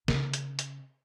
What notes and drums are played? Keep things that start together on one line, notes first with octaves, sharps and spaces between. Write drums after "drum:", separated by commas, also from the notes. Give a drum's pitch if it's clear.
C#3 C#4, drum: snare
drum: hi-hat
drum: hi-hat